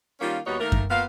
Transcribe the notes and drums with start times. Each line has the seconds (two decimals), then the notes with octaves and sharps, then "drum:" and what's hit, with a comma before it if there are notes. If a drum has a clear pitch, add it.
0.21 D#3 G3 A#3 C#4 F4
0.46 D#2 G3 B3 D#4 F#4 C#5
0.60 D#3 A3 A#3 A#4
0.72 drum: kick F#2
0.90 A#3 B3 F4 F5